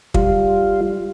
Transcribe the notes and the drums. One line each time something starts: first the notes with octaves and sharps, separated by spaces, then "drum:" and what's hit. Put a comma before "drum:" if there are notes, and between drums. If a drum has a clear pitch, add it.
G3 F4, drum: kick